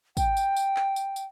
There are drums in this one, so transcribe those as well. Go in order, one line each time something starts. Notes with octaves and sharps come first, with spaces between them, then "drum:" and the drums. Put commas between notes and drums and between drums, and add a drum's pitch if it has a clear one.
G5, drum: kick, tambourine
drum: tambourine
drum: tambourine
drum: clap
drum: tambourine
drum: tambourine